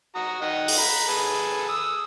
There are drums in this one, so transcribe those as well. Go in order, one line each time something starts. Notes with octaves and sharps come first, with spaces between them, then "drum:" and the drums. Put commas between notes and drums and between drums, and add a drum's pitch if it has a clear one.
F#4 A#5 D#6
D#3 D#5 F#5
drum: open hi-hat
A#5 B5
G#4 A4 B4
D#6 E6